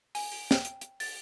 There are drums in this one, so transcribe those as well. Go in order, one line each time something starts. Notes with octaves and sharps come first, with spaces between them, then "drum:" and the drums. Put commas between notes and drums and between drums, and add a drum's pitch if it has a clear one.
G#5, drum: open hi-hat
drum: open hi-hat
G5, drum: snare
drum: hi-hat
drum: hi-hat
A6, drum: open hi-hat